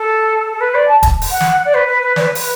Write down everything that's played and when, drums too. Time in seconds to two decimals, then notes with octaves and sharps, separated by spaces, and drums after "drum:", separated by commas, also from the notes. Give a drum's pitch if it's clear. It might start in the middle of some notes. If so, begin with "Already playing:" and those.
Already playing: A4
0.52 A4
0.60 B4
0.74 D5
0.88 A5
1.03 drum: kick D#1, hi-hat
1.22 drum: open hi-hat
1.31 F#5
1.40 drum: snare
1.65 D5
1.74 B4
1.88 B4
2.02 B4
2.16 D5, drum: snare
2.21 B4
2.35 drum: open hi-hat